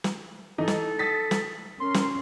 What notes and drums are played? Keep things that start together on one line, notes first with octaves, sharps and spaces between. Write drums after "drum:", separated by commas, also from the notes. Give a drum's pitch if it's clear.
drum: snare
E3 D#4 A4
drum: snare
D#6 A6 B6
drum: snare
C#4 A#4 C6
drum: snare